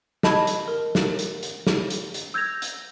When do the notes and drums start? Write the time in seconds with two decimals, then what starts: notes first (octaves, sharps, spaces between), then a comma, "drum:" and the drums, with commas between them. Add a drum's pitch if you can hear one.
0.23 D#5 A5 B5 G#6, drum: snare
0.47 drum: hi-hat
0.68 A#4
0.95 drum: snare
1.19 drum: hi-hat
1.43 drum: hi-hat
1.67 drum: snare
1.90 drum: hi-hat
2.14 drum: hi-hat
2.34 E6 G6 G#6 A#6 F7
2.62 drum: hi-hat